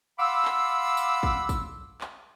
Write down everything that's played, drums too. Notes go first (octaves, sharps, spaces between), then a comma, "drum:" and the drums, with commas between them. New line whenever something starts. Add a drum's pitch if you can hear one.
F5 F#5 B5 C6 D6 E6
drum: clap
drum: tambourine
drum: kick
drum: kick, tambourine
drum: clap